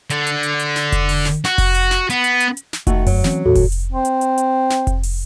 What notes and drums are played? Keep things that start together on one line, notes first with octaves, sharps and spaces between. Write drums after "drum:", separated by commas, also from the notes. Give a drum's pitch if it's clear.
D3, drum: hi-hat
drum: hi-hat
drum: hi-hat
drum: hi-hat
drum: snare
drum: kick F1, hi-hat
drum: open hi-hat
drum: snare
F#4, drum: snare
drum: kick F1, open hi-hat
drum: hi-hat
drum: snare
B3, drum: hi-hat
drum: hi-hat
drum: hi-hat
drum: hi-hat
drum: snare
D#3 A3 F#4, drum: kick F1, hi-hat
F#2 F#3, drum: open hi-hat
E3 C4 C#4, drum: snare
D#2 A2 F#4 A4
drum: kick F1, open hi-hat
drum: hi-hat
C4
drum: hi-hat
drum: hi-hat
drum: hi-hat
drum: snare
drum: kick F1, hi-hat
drum: open hi-hat